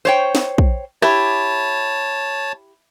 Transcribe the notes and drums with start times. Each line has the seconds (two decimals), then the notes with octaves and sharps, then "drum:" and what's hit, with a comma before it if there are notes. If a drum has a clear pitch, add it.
0.05 C5 C#5 G5
0.35 drum: snare
0.58 drum: kick
1.02 E4 G4 C#5 A5, drum: rim click